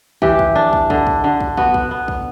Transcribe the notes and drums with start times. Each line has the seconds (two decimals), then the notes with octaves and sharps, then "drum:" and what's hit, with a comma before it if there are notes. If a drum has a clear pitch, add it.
0.22 E3 G4, drum: kick
0.39 drum: kick
0.55 D4
0.73 drum: kick
0.90 D3, drum: kick
1.07 drum: kick
1.24 D3
1.40 drum: kick
1.57 B3 F#4, drum: kick
1.74 drum: kick
1.91 B3
2.08 drum: kick